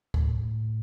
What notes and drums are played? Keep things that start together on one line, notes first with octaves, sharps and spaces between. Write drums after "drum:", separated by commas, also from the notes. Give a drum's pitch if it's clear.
A2, drum: kick
A2